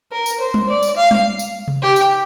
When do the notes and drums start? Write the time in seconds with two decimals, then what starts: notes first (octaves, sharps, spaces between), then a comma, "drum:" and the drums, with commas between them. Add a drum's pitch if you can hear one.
0.12 A#4
0.26 drum: tambourine
0.40 C5
0.54 drum: tom G3
0.69 D5
0.83 drum: tambourine
0.96 F5
1.11 drum: tom G3
1.39 drum: tambourine
1.68 drum: tom C3
1.82 G4
1.96 drum: tambourine